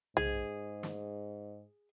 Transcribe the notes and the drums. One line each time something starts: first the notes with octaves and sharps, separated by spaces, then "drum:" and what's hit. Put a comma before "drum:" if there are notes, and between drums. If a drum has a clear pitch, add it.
G#2 G#4, drum: tom B1
drum: snare